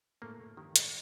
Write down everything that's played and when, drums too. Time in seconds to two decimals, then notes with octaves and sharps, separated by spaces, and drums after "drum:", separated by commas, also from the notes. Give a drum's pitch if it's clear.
0.22 A2 A3 A#3
0.40 A2 A3
0.57 G2 D#3 G3
0.76 A2 A3, drum: hi-hat